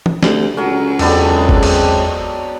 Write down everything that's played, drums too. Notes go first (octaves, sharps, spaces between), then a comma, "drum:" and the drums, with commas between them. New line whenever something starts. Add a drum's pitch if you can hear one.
drum: tom
D2 A3 C4 G4, drum: snare
C#2 F#3 C#4 A4
E2 F#3 G#3 B3 C4 D4 A4, drum: cymbal
drum: kick G1
drum: cymbal